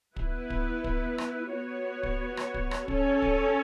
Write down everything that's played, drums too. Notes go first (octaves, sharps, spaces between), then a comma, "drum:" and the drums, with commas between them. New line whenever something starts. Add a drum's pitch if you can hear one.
B3 E4 B4, drum: kick
drum: kick
drum: kick
drum: rim click
B3 F#4 C#5
drum: kick
drum: rim click
drum: kick
drum: rim click
C#4 A4 C#5, drum: kick
drum: kick